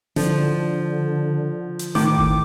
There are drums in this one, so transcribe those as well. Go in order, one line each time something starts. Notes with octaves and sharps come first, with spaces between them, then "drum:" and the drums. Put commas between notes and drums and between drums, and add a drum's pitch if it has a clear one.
D3 F3, drum: snare
drum: hi-hat
A2 D#3 D6, drum: snare
drum: kick G1